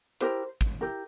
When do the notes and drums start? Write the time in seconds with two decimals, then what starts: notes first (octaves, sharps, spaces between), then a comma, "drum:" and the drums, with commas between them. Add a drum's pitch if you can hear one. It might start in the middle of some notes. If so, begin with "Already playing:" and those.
0.21 E4 G4 A#4 C5, drum: hi-hat
0.61 drum: kick, hi-hat
0.81 E4 G4 A#4